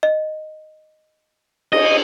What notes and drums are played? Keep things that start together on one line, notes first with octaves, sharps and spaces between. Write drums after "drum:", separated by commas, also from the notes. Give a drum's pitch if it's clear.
D#5
D#5, drum: cymbal